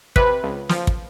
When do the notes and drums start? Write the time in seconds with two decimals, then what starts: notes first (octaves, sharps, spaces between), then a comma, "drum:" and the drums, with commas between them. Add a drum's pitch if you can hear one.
0.16 C3 B4, drum: kick
0.43 C#2
0.69 F3, drum: snare
0.87 drum: kick